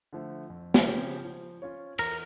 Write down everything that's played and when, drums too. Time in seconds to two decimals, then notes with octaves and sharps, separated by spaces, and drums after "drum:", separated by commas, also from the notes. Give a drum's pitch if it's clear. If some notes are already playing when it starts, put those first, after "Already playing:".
0.13 D3 F3 A3
0.50 F2
0.74 drum: snare
0.87 C#3 F3 C#4 G4
1.25 F3
1.62 C#4 F4 C#5
1.98 E2 A#4, drum: cymbal